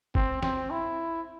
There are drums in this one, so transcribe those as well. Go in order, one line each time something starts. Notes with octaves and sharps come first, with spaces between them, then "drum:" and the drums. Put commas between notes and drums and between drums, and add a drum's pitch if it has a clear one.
C4, drum: kick G1
C4, drum: snare
E4